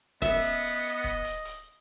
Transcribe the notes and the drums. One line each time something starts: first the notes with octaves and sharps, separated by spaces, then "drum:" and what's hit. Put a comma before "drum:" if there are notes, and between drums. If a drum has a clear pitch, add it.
B3 D#5 E5, drum: kick, hi-hat
drum: hi-hat
drum: hi-hat
drum: hi-hat
drum: kick, hi-hat
drum: hi-hat
drum: hi-hat